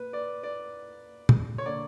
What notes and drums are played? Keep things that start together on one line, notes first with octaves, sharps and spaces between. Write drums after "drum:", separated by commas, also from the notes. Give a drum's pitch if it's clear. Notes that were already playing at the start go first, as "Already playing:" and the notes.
Already playing: A#2 A#3 B4
D5
D5
drum: tom
C#5
D3 A#3 D5